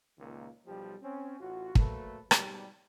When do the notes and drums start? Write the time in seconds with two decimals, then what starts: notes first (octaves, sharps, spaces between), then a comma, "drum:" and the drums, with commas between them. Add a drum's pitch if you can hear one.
0.19 C#2 A#2 D#3 A#3
0.66 B1 F3 G3
1.02 C4 C#4
1.40 A1 F4 F#4
1.75 F#3 A3 A#3 A4 B4, drum: kick
2.31 G#2 B2 F#3 G3, drum: rim click